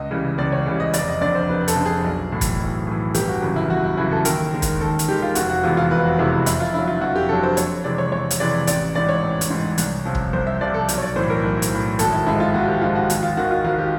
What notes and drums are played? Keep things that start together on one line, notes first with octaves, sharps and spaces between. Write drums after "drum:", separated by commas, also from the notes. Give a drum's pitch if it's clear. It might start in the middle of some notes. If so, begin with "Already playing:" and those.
Already playing: C#2 D#5
C#3 E3 G3
C#2 D5
C#5
C#3 E3 G3
D#5
F1 D5, drum: hi-hat
D#5
F2 D3 D5
C5
F1 B4
A4, drum: hi-hat
F2 D3
G#4
B1
A2 E3
drum: kick, hi-hat
B1
A2 E3
G1 G4, drum: hi-hat
F#4
F#2 C#3 E3
E4
G1 F#4
E4
F#2 C#3 E3 E4
A4
D#2 A#4, drum: hi-hat
D#3 G#3
drum: kick, hi-hat
D#2 A4
drum: hi-hat
D#3 G#3 G4
F4
F1 F#4, drum: hi-hat
F#4
E2 C3 E3 G#3 F4
F4
F1 B4
F#4
E2 C3 E3 G#3 E4
E4
F2 E4, drum: hi-hat
F4
D3 F#3 E4
F4
F2 F#4
G4
D3 F#3 A4
C5
F2 C#5, drum: hi-hat
C3 E3 G#3 D5
C#5
F2 C#5
drum: hi-hat
C3 E3 G#3 D5
A1 D5, drum: hi-hat
G#2 E3 D5
C#5
A1
drum: hi-hat
G#2 E3
C2, drum: hi-hat
C3 F3
drum: kick
C2 C5
E5
C3 F3 D5
A4
B1, drum: hi-hat
C#5
D5
A2 E3 C5
A#4
B1
drum: hi-hat
A2 E3
G#1 A4, drum: hi-hat
E4
G#2 F3 G#3 E4
F4
G#1 F#4
G4
G#2 F3 G#3 F4
F#4
G#1, drum: hi-hat
F4
G#2 D#3 F#4
F4
G#1 F4
G4